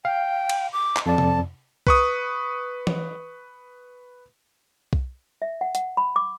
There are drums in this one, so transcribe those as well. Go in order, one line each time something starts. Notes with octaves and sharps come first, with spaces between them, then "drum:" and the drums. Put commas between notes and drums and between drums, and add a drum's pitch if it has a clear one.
F5 G5
drum: cymbal
D6
drum: clap
F2 D5 A5
drum: tom C3
B4 C#6 D#6, drum: kick B1
drum: tom E3
drum: kick B1
E5
F#5
F#5, drum: hi-hat
B5
D6